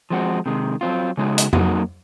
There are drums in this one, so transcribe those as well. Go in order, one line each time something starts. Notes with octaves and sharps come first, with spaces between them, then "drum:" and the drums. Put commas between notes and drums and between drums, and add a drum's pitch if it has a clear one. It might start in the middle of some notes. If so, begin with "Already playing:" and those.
F3 G#3 C4 F#4
C3 D#3 G#3
F#3 C4 F4
C#3 G#3 D#4 F#4
drum: hi-hat
F#3 A#3 D#4 F#4, drum: tom F2